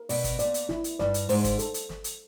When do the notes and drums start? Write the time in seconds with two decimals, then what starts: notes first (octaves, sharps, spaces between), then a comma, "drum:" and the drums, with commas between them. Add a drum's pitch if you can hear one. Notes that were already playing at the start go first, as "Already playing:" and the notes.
Already playing: A#4
0.09 B2 D5, drum: open hi-hat
0.24 drum: kick, hi-hat
0.39 A#2 D5, drum: hi-hat
0.54 drum: hi-hat
0.69 E4, drum: snare
0.84 drum: hi-hat
0.99 G2 D5, drum: snare
1.14 drum: hi-hat
1.29 G#2 C5, drum: open hi-hat
1.44 drum: kick, hi-hat
1.59 A4, drum: hi-hat
1.74 drum: hi-hat
1.89 drum: snare
2.04 drum: hi-hat